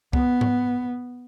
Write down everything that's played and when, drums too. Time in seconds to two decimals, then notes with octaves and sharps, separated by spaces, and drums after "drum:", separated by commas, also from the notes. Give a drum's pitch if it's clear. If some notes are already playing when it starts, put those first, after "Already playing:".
0.13 B3, drum: kick
0.41 drum: tom G#2